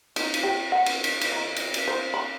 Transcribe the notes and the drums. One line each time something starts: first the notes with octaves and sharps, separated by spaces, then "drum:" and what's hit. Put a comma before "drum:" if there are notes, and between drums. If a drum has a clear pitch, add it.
D#4, drum: cymbal
drum: cymbal
G4
F#5
drum: cymbal
drum: cymbal
drum: cymbal
D#3
drum: cymbal
drum: cymbal
C5
B5